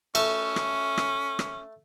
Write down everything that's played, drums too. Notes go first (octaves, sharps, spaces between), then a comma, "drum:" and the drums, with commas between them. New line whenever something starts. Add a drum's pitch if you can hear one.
A3 C#4, drum: cymbal
drum: rim click
drum: rim click
drum: rim click